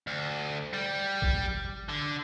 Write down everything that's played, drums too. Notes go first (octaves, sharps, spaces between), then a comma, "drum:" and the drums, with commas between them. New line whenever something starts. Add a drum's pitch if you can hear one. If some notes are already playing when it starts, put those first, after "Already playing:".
D2
G3
drum: kick
D3